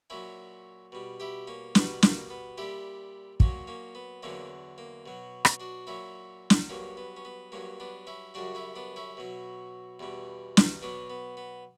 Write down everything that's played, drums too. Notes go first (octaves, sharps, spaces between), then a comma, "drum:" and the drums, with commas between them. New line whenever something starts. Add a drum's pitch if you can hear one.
A#2 F#3 C#4 E4
B2 G3
E4 G4
A#3 C#4
B2 G3 B3, drum: snare
A#3, drum: snare
B3
A#2 G3 E4 G4
A#2 F#3 A#3 C#4, drum: kick
A#3 C#4
B3
E2 D3 F#3 A#3 C#4
A#3
B2 F#3
drum: rim click
D4 F#4
A#2 F#3 C#4 E4
drum: snare
G2 F#3 A#3 C#4
B3
C#4
B3
G2 F#3 A#3 C#4
B3 D4
C#4 E4
F#2 C#3 G3 D4 F#4
C#4 E4
B3 D4
C#4 E4
B2 F#3
E2 B2 G3
drum: snare
B2 F#3 B3 D4
B3
B3